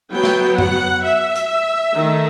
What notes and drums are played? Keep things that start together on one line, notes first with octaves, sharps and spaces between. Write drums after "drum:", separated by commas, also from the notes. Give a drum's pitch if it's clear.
F#3 B3 G5
drum: snare
F#5, drum: tom F2
E5
drum: hi-hat
D#3 A3